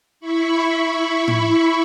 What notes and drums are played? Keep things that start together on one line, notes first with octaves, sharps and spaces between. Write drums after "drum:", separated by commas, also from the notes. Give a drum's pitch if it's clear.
E4 B5 C#6
drum: tom A2